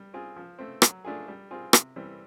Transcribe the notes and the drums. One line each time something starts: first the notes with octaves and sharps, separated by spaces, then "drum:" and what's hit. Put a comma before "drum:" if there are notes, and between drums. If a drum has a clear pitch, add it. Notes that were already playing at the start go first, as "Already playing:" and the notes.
Already playing: G3
C4 F4 G#4
F3
A3 C4
F#3, drum: rim click
A3 D4 F4 G#4
G3
C4 F4 G#4
C3, drum: rim click
E3 G3 C4